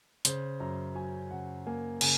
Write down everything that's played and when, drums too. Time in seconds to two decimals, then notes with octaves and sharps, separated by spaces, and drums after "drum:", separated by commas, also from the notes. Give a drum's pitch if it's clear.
0.25 C#3 C5, drum: hi-hat
0.60 F#2 A#5
0.95 F#3 G#5
1.31 C#3 F#5
1.66 A#3 G#5
2.01 C#3 G#5, drum: cymbal